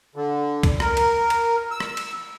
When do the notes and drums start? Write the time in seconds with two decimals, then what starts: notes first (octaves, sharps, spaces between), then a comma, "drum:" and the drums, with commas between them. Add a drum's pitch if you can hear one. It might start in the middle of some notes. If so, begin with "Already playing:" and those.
0.16 D3
0.63 drum: kick, cymbal
0.80 A#4, drum: rim click
0.97 drum: cymbal
1.30 drum: cymbal
1.71 E6
1.80 drum: rim click
1.97 drum: cymbal